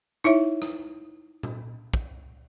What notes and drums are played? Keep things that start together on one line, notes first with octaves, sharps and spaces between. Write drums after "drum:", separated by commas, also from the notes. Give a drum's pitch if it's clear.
D#4 E4 C#5 E5
drum: rim click
drum: tom A#2
drum: kick